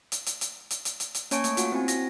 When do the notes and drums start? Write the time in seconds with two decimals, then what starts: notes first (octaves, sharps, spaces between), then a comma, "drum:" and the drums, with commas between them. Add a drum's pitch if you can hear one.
0.12 drum: hi-hat
0.26 drum: hi-hat
0.41 drum: hi-hat
0.71 drum: hi-hat
0.85 drum: hi-hat
1.00 drum: hi-hat
1.15 drum: hi-hat
1.31 A#3 C#4 C#5 A5 C#6 D7, drum: hi-hat
1.44 A3, drum: hi-hat
1.57 F4 F#4 F#5, drum: hi-hat
1.72 C4 E4 F#4 G#5
1.88 A#6, drum: hi-hat